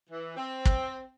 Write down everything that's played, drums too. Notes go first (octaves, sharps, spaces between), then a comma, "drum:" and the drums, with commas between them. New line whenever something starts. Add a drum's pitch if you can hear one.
E3
C4
drum: kick